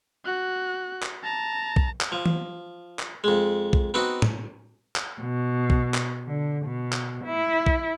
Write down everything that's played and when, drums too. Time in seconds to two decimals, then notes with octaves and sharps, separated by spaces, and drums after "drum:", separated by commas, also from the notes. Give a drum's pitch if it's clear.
0.25 F#4 F#6
1.03 drum: clap
1.23 A5 A#5
1.76 drum: kick B1
2.01 drum: clap
2.12 F3
2.26 drum: tom E3
2.99 drum: clap
3.24 F2 G#3
3.73 drum: kick B1
3.94 B3 C4 D#4 F#4
4.22 drum: tom
4.96 drum: clap
5.21 B2
5.70 drum: kick B1
5.94 drum: clap
6.26 D3
6.66 B2
6.93 drum: clap
7.24 E4
7.66 drum: kick B1